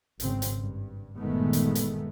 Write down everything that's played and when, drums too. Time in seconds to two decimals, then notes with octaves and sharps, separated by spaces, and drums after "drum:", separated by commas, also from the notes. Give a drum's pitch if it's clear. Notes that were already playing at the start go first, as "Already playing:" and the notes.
0.20 G#1 C#3 C4, drum: hi-hat
0.42 drum: hi-hat
0.57 G2
1.17 G1 A#2 D#3 G#3 A3 B3
1.53 drum: hi-hat
1.75 drum: hi-hat